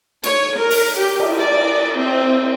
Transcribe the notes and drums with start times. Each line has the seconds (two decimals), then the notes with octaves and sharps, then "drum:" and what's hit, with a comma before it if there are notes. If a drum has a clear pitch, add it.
0.24 C#5, drum: cymbal
0.57 A#4
0.71 drum: open hi-hat
0.98 G4
1.20 drum: cymbal
1.39 D5
1.98 C4